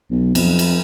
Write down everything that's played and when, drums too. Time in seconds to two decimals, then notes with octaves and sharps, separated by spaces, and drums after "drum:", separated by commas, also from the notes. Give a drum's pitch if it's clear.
0.11 B1
0.35 F2, drum: cymbal
0.59 drum: cymbal